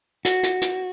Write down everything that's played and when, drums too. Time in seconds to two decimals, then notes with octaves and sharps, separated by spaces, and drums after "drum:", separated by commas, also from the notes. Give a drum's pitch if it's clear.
0.25 F#4, drum: hi-hat
0.43 drum: hi-hat
0.62 drum: hi-hat